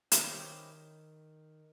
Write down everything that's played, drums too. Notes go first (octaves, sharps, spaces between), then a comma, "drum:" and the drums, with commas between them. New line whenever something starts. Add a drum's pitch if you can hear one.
D#3 C#4 E4 G4 C5 D#5, drum: hi-hat